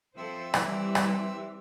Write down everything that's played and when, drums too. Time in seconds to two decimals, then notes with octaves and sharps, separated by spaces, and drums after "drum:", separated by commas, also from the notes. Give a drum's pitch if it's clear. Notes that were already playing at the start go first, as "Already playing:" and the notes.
0.17 F3 C4 A4 C5 E5 E6
0.54 E3 G3 G4, drum: rim click
0.95 drum: rim click